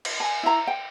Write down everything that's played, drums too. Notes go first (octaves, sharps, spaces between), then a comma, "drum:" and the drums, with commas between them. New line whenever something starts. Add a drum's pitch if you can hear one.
drum: cymbal
G#5
E4 A#5
G5